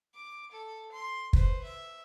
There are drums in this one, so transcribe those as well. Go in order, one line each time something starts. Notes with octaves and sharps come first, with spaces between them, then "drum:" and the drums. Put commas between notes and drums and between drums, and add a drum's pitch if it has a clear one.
D6
A4
C6
B4 C5, drum: kick
E5